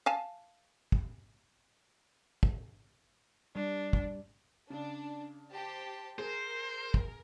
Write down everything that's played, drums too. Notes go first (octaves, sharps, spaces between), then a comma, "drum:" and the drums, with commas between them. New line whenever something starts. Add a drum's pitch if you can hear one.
F5 G#5 A5
drum: kick
drum: kick
G3 D4
drum: kick
C#3 D4
G4 C5 A5
G#4 A#4 C5
drum: kick